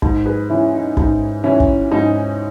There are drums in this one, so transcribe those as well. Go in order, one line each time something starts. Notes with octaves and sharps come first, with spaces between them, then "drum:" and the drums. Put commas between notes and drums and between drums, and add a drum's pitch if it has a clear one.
G#2, drum: kick
G#4 B4
E3 C#4 E4
D#4
G#2 D#4, drum: kick
E3 C#4 E4
drum: kick
G#2 D#4